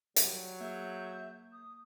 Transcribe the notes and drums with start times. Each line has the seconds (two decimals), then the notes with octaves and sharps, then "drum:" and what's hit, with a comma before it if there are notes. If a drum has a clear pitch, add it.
0.16 F#3 G3, drum: hi-hat
0.61 A#3 G#4 E5 G6
1.52 D#6